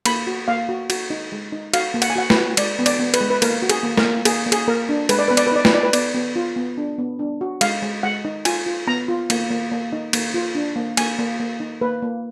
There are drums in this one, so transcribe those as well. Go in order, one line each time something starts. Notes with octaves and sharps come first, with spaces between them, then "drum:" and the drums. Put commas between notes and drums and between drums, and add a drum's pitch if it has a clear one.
A#3 B5, drum: cymbal
F#4
A#3 F5
F#4
F#4, drum: cymbal
D#4
G#3
D#4
F#4 F5, drum: cymbal
A#3
F#5, drum: cymbal
G#5
F#4 F#5
B4, drum: snare
F#4
G#3 D5, drum: cymbal
B3
D5, drum: cymbal
B3
B4, drum: cymbal
G#3
B4
A#3 A#4, drum: cymbal
F#4
G#4, drum: cymbal
A#3
A#4, drum: snare
A#3
A#3 G#4, drum: cymbal
A#3
G#4, drum: cymbal
A#3 A#4
D4
G#3 B4, drum: cymbal
D5
B3 B4
D5, drum: cymbal
B4
D#4 D5
B4, drum: snare
D#4 D5
B4
B3 D5, drum: cymbal
B3
F4
B3
D4
B3
D4
F#4
G#3 F5, drum: cymbal
G#3
G#3 F#5
D#4
F4 G#5, drum: cymbal
F4
B3 A#5
F4
A#3, drum: cymbal
A#3
A#3
D#4
A#3, drum: cymbal
F4
D4
A#3
A#3 G#5, drum: cymbal
A#3
A#3
D#4
A#3 B4
A#3